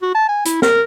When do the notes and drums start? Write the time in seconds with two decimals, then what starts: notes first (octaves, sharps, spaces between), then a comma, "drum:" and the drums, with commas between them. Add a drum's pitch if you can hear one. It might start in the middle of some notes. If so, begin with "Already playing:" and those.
0.02 F#4
0.15 A5
0.28 G#5
0.46 E4, drum: hi-hat
0.62 A#4, drum: snare